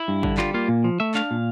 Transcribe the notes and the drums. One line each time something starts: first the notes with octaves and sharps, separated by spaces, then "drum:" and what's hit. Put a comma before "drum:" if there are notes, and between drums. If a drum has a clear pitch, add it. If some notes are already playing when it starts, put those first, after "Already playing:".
Already playing: E4
G2
D3, drum: kick G#1
G3 F4, drum: clap
A#3 F4
A#2
F3
A3 E5
D4 F5, drum: clap
A#2